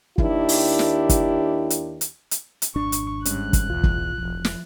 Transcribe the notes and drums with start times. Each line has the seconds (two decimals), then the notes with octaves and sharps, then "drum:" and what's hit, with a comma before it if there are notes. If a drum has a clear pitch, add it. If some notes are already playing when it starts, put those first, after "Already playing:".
0.18 D#2 D#3 D4 E4 G4, drum: kick
0.49 drum: open hi-hat
0.79 drum: snare
1.09 drum: kick, hi-hat
1.70 drum: hi-hat
2.01 drum: hi-hat
2.31 drum: hi-hat
2.62 drum: hi-hat
2.75 G#1 F2 D4 C#6
2.92 drum: hi-hat
3.25 G#2 G3 C#4 F#6, drum: hi-hat
3.53 drum: kick, hi-hat
3.69 B1 E2 A2 F4
3.84 drum: kick
4.18 E1 F3
4.45 drum: snare